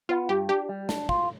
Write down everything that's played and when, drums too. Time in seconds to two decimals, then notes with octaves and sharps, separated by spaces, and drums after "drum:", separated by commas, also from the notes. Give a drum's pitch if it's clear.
0.09 B3 F4
0.29 G2 G4
0.49 D4 G4
0.69 G3
0.89 D4, drum: snare
1.09 F4, drum: kick